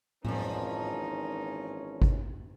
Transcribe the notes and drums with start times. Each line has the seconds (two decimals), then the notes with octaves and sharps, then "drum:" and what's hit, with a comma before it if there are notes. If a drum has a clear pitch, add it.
0.25 G#1 A#2 E3 F3 C#4 D#4, drum: tom A2
2.02 drum: kick G#1